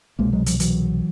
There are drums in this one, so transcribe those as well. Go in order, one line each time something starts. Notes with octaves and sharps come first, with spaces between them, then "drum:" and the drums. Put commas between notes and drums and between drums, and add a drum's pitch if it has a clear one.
C2 B2 G#3 A#3
F#3 G#3
F3 G3, drum: hi-hat
E3 F#3, drum: hi-hat